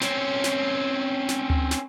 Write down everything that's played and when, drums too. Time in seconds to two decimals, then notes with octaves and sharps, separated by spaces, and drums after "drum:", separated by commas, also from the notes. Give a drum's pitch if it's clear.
0.01 C4 C#4, drum: snare
0.44 drum: snare
1.29 drum: snare
1.50 drum: tom D2
1.71 drum: snare